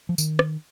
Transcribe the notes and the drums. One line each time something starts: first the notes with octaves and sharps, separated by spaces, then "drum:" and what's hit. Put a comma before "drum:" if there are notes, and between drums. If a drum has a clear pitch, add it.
F3
D#3, drum: tambourine
drum: rim click